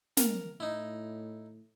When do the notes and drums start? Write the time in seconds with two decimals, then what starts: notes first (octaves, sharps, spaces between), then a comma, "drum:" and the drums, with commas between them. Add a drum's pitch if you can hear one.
0.17 A#4, drum: snare
0.60 A2 D#4 E4